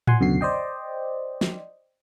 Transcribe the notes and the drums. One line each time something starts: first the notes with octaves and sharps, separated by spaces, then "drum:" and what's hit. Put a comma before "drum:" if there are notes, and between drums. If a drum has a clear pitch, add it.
F#5 G#5 C6, drum: tom A2
C#2 F#2 B2 D3 F#4 C7
C5 D5 D#5 G5
drum: snare